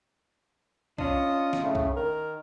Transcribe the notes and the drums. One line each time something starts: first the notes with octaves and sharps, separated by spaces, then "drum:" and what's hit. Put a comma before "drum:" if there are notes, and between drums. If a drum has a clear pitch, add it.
C#4 D4 F4 D#5 D#6, drum: kick B1
drum: snare
A2 C#3 A3
drum: kick B1
D#3 A#4